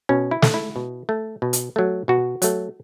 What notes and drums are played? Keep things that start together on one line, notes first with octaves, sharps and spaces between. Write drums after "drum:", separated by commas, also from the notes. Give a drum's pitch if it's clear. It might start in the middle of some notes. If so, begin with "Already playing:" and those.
B2 C#4
E4
A3, drum: snare
E4
B2
A3
B2
drum: hi-hat
F#3 A3
B2 F#4
F#3 A3, drum: hi-hat